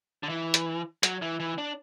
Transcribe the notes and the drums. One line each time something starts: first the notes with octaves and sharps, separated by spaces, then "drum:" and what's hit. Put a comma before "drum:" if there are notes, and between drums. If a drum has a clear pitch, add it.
D3
E3
drum: hi-hat
F#3, drum: hi-hat
E3
E3
D4